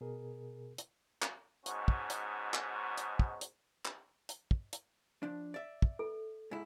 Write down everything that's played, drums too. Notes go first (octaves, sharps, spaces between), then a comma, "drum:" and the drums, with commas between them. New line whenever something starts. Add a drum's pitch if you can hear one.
B2 G#4 A#4
drum: hi-hat
drum: clap
G#2 B2 G#3 C#4 D#4 F#4, drum: hi-hat
drum: kick
drum: hi-hat
drum: clap
drum: hi-hat
drum: kick
drum: hi-hat
drum: clap
drum: hi-hat
drum: kick
drum: hi-hat
F3 D4
D5 E5
drum: kick
A4
G#2 E4